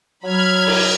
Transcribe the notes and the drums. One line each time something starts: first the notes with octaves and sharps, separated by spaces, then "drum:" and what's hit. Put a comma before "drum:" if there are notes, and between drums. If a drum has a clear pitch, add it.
F#3 B5 F6 G#6
drum: cymbal